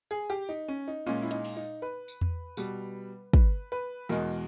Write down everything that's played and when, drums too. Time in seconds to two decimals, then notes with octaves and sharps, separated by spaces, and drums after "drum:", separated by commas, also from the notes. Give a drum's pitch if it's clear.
0.11 G#4
0.30 G4
0.49 D#4
0.68 C#4
0.88 D#4
1.06 A#2 G#3 C#4
1.21 E4
1.31 D#4, drum: hi-hat
1.44 drum: open hi-hat
1.57 D#4
1.82 B4
2.08 drum: tambourine
2.21 drum: tom E2
2.57 B2 G3, drum: tambourine
3.33 B4, drum: kick
3.72 B4
4.09 E2 B2 G#3 A#4